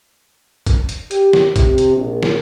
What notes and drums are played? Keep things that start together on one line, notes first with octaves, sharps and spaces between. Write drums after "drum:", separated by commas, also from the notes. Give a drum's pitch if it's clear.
drum: kick, hi-hat
drum: hi-hat
G4, drum: hi-hat
drum: snare
C3, drum: kick, hi-hat
drum: hi-hat
A#1
drum: snare